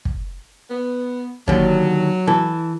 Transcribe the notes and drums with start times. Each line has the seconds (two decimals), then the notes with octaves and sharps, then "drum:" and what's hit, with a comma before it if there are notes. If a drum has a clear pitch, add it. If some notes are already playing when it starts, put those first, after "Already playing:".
0.05 drum: kick
0.70 B3
1.48 D#2 D3 F#3, drum: kick
2.27 E3 A4